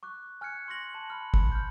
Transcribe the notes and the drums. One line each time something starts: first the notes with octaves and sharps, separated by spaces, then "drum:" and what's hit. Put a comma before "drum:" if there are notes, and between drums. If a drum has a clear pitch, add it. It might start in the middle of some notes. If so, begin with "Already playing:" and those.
C#6 D6 F#6
G#5 F6 F#6 G#6 C#7
C6 C#6 F6 A#6 F#7
A5
B5 F6
drum: kick G1
F6 G6